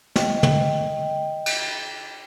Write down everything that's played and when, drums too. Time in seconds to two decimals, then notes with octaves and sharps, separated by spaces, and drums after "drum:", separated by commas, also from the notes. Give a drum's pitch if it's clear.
0.16 D#5 G5, drum: snare
0.43 drum: tom
1.46 drum: cymbal